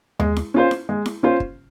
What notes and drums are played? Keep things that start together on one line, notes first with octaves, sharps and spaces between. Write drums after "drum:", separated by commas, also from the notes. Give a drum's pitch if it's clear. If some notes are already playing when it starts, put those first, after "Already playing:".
G#3, drum: tom D#2
drum: snare E4
C#4 F4 C5
drum: snare E4
G#3
drum: snare E4
C#4 F4 C5
drum: kick